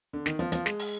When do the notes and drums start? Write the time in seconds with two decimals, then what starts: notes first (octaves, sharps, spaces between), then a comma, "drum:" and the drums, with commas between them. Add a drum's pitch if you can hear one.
0.13 D3
0.26 D#3, drum: snare
0.39 F3
0.52 F3, drum: hi-hat
0.66 G#3, drum: snare
0.79 drum: open hi-hat